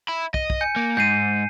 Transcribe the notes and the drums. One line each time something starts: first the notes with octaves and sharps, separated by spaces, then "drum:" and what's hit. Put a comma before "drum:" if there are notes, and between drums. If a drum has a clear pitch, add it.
E5 B5
D#5 D#7, drum: kick
drum: kick
G#5 G6 C#7
A#3
G#2 G6 C7 D#7